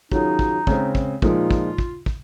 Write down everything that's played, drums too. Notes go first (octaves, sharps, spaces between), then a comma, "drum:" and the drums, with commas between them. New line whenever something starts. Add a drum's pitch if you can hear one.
D#3 F#3 C#4 D#4 F4 G#4, drum: kick
drum: kick
C#3 G#3 C4, drum: kick
drum: kick
A#2 F3 G#3 D#4 F4, drum: kick
drum: kick
drum: kick
drum: kick